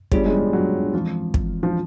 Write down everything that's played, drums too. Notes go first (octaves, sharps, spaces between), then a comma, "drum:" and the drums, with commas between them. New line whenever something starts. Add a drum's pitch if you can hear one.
G3 B3 D4 F4 G#4 C#5, drum: kick
G#3
G3
F#3
E3 F3 G#3 C4
drum: kick
F3